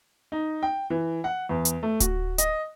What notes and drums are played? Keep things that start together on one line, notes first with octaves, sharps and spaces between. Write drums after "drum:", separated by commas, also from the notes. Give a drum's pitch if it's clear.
D#4
G5
E3
F#5
E2
drum: hi-hat
A3
F#4, drum: kick D1, hi-hat
D#5, drum: hi-hat